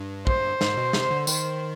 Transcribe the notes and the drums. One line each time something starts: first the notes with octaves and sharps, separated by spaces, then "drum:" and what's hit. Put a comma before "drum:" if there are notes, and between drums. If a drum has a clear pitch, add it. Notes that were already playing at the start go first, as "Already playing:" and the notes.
Already playing: G2
C5, drum: kick
G#2, drum: snare
B2
C3, drum: snare
D3
D#3 C5, drum: tambourine